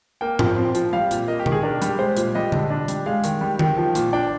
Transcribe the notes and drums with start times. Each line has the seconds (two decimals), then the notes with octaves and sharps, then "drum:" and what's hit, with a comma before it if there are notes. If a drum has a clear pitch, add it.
0.21 A#3 G5
0.39 F3, drum: tom G#2
0.56 C4
0.75 F3, drum: hi-hat
0.93 G3 F5
1.11 A#2, drum: hi-hat
1.28 A#3 D#5
1.39 G4
1.46 D#3, drum: tom B2
1.52 G#4
1.63 D4 A#4
1.82 G3, drum: hi-hat
1.99 G#3 C5
2.17 A#2, drum: hi-hat
2.35 G3 D#5
2.52 D3, drum: tom B2
2.70 D4
2.88 G3, drum: hi-hat
3.06 G#3 F5
3.24 D#3, drum: hi-hat
3.41 G3
3.59 D#3, drum: tom
3.77 F3
3.95 A#2, drum: hi-hat
4.13 D4 G5